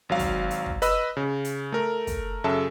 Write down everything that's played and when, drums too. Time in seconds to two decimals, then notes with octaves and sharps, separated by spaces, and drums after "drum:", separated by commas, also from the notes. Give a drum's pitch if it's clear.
0.09 G#1 F#3 F5
0.19 drum: kick, hi-hat
0.51 drum: hi-hat
0.66 drum: kick
0.82 B4 D#5 B5 E6, drum: hi-hat
1.17 C#3
1.44 drum: hi-hat
1.72 A3 A#4
2.07 drum: kick, hi-hat
2.44 F#2 C#3 A4 E5 A5